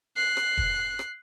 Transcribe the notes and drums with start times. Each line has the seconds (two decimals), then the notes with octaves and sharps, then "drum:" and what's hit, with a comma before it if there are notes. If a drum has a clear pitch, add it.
0.16 F#6 C7
0.37 drum: rim click
0.58 drum: kick
0.99 drum: rim click